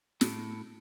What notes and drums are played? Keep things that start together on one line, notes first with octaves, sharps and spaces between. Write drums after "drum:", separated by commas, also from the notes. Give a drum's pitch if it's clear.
A2, drum: snare